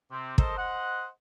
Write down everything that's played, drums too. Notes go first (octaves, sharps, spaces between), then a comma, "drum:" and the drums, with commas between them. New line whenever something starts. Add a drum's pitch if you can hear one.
C3 C4
A4 A#4 C5 D#5, drum: kick
C5 D#5 F#5